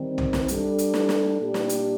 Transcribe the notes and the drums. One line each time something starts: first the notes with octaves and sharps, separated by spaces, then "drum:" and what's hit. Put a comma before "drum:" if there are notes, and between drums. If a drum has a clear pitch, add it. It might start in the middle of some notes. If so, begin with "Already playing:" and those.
Already playing: D#3 G3 C4
drum: tom
drum: snare
G3 D4 A4, drum: hi-hat
drum: hi-hat
drum: snare
drum: snare
A#2 G3 D4 G4
drum: snare
drum: hi-hat